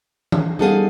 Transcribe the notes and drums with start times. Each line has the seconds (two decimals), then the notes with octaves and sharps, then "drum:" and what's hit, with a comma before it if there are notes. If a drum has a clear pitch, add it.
0.32 drum: tom E3
0.59 G3 B3 D#4 G#4 A4 F5